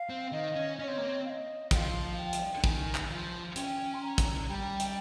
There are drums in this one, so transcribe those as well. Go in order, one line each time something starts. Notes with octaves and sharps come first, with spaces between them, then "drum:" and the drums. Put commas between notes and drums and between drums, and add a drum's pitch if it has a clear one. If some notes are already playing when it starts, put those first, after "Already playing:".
Already playing: F5
C4
D#3 D#5
C#4
C#4 D#5
C4 C#5
A#3
C4
F5
D#5
F3 F5 G5, drum: kick, hi-hat
G5
drum: hi-hat
D#3 G#5, drum: kick
drum: clap
F3
C#4 G5, drum: hi-hat
C6
A#5
drum: kick, hi-hat
G3 G5
G5, drum: hi-hat